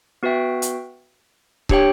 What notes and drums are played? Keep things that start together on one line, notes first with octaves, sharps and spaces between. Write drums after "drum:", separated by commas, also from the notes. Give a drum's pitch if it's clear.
B3 F#4 B4 E5 G5
drum: hi-hat
D4 G4 C#5 G5, drum: kick C#1